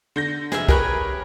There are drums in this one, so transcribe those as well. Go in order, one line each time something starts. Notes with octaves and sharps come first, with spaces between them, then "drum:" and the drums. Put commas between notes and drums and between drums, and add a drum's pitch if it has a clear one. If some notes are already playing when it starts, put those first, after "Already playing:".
D3 G6 A#6
F1 G#4 E5, drum: snare
G4 G#4 A#4 B4 C#5, drum: kick